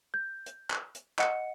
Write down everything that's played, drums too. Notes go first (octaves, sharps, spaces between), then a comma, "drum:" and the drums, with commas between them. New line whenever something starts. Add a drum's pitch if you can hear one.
G6
drum: hi-hat
drum: clap
drum: hi-hat
D#5 F#5 C#7, drum: clap